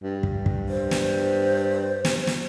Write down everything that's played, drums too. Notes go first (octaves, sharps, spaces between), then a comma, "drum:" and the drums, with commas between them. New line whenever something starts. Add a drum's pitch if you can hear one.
G2
drum: kick
drum: kick
C5
drum: snare
drum: snare
drum: snare